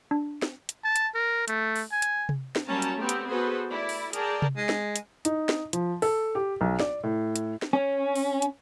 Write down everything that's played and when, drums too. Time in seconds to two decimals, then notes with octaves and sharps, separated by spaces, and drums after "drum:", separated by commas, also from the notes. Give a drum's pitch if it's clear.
0.11 D4
0.42 drum: snare
0.69 drum: hi-hat
0.84 A5
0.96 drum: hi-hat
1.15 A#4
1.48 A3, drum: hi-hat
1.76 drum: open hi-hat
1.92 G#5
2.02 drum: hi-hat
2.29 drum: tom C3
2.56 drum: snare
2.66 F#3 G3 A#3 C#4 A5 A#5
2.82 drum: hi-hat
2.96 A3 B3 C4 G4
3.09 drum: hi-hat
3.28 B3 F#4 G#4 A4 B4 C5
3.71 A3 E4 D5
3.89 drum: open hi-hat
4.13 G#4 A#4 D5 G5 A5 A#5, drum: hi-hat
4.42 drum: tom C3
4.57 G#3
4.69 drum: snare
4.96 drum: hi-hat
5.25 D#4, drum: hi-hat
5.49 drum: snare
5.73 F3, drum: hi-hat
6.02 A4, drum: open hi-hat
6.35 G4
6.61 B1
6.80 D5, drum: snare
7.04 A2
7.36 drum: hi-hat
7.62 drum: snare
7.73 C#4
8.16 drum: open hi-hat
8.42 drum: hi-hat